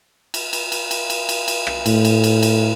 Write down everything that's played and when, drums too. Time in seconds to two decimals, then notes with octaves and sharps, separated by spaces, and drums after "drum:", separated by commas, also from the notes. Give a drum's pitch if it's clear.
0.34 drum: cymbal
0.53 drum: cymbal
0.72 drum: cymbal
0.91 drum: cymbal
1.10 drum: cymbal
1.29 drum: cymbal
1.48 drum: cymbal
1.67 drum: rim click
1.86 A2, drum: cymbal
2.05 drum: cymbal
2.24 drum: cymbal
2.43 drum: cymbal